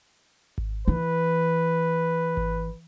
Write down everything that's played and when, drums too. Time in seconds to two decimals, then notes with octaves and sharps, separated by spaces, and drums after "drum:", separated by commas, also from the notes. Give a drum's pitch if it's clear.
0.58 drum: kick G#1
0.88 E3 B4
2.37 drum: kick G#1